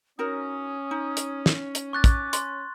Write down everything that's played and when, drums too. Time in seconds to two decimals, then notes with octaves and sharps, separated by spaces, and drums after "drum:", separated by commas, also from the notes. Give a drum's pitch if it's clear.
0.19 C#4 D#4 F#4 A#4 D#6
0.91 D#4
1.17 drum: hi-hat
1.46 drum: snare
1.75 drum: hi-hat
1.93 C#6 D6 F#6 A6
2.04 drum: kick, hi-hat
2.33 C6, drum: hi-hat